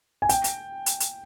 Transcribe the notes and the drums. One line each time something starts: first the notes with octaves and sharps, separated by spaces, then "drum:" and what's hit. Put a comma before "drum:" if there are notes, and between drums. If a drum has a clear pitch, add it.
G#5
G5, drum: hi-hat
drum: hi-hat
drum: hi-hat
drum: hi-hat